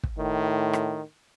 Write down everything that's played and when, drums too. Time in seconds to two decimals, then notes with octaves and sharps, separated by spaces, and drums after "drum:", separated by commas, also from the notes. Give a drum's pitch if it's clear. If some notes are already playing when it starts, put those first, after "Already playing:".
0.03 drum: kick
0.18 A2 D#3
0.73 drum: rim click